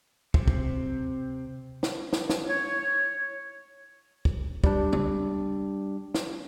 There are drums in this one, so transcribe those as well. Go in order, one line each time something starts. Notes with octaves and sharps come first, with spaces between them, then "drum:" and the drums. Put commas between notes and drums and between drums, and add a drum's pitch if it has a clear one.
C3 C4, drum: kick
drum: kick
drum: snare
drum: snare
drum: snare
C#5
drum: kick
G3 D4, drum: kick
drum: tom C#3
drum: snare